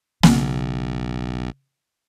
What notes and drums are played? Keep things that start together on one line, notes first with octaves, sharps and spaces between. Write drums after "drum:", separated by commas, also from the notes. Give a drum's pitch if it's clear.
B1 C#3, drum: snare A#3